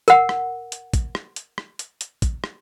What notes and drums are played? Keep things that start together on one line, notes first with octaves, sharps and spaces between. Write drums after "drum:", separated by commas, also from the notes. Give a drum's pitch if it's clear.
A#4 F#5, drum: hi-hat
drum: rim click
drum: hi-hat
drum: kick, hi-hat
drum: rim click
drum: hi-hat
drum: rim click
drum: hi-hat
drum: hi-hat
drum: kick, hi-hat
drum: rim click